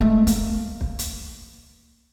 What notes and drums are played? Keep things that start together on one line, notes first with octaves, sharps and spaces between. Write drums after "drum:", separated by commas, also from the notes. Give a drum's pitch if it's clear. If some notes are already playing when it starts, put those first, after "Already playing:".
G#3 A3
A#3, drum: hi-hat
drum: kick
drum: hi-hat